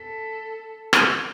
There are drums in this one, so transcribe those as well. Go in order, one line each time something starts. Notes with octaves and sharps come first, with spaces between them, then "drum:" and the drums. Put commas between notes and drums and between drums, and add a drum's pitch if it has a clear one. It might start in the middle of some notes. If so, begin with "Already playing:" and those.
Already playing: A4 B6
drum: rim click